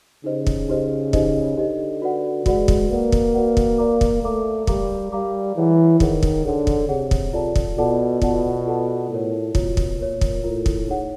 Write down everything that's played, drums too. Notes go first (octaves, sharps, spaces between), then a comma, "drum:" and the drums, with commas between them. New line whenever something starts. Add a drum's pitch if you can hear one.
C#3 D#4 G4 C5 D#5
drum: kick
D#4 G4 C5 D#5
D#4 G4 C5 D#5, drum: kick
D3 D#4 G4 C5 D#5
F#4 B4 D5 F#5
G#3 F#4 B4 D5 F#5, drum: kick
drum: kick
A#3 F#4 B4 D5 F#5
drum: kick
F#4 B4 D5 F#5
drum: kick
A#4 D5 F5 A#5 D6
drum: kick
A3 A#4 D5 F5 A#5 D6
G3 A#4 D5 F5 A#5 D6, drum: kick
G3 A#4 D5 F5 A#5 D6
E3 G#4 C#5 F#5
D#3 G#4 C#5 F#5, drum: kick
drum: kick
D3 G#4 C#5 F#5
drum: kick
C3 G#4 C#5 F#5
drum: kick
C3 F4 A4 D5 F#5 A5
drum: kick
B2 F4 A4 D5 F#5 A5
B2 F4 A4 D5 F#5 A5, drum: kick
F4 A4 D5 F#5 A5
A2 F4 A#4 C#5
B2 F4 A#4 C#5, drum: kick
drum: kick
A#2 F4 A#4 C#5
drum: kick
A2 F4 A#4 C#5
drum: kick
D#4 G#4 C#5 F#5